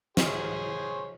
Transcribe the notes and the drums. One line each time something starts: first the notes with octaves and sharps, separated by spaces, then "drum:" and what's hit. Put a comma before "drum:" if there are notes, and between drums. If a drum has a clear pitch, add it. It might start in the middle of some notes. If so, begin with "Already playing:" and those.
G#4 C5 C#5, drum: snare